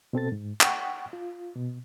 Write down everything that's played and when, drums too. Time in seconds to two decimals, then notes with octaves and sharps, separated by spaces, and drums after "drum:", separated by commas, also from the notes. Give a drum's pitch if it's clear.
0.13 B2 C4 A4 A6
0.32 G#2
0.61 F#5 G5 C#6, drum: clap
1.13 F4
1.56 B2